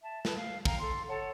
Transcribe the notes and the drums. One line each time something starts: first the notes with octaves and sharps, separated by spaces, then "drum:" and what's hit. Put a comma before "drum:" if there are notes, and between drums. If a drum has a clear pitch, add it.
E5 A5
B4 A5, drum: snare
F5
F5 G5 A#5, drum: kick
A4 C6
A4 C#5 F#5 A5